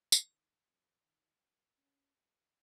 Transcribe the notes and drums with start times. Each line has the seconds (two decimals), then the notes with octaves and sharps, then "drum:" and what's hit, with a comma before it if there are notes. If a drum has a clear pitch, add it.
0.12 D#3, drum: tambourine
0.68 F2
1.03 D#3
1.37 F#2
1.77 C#4
2.16 F1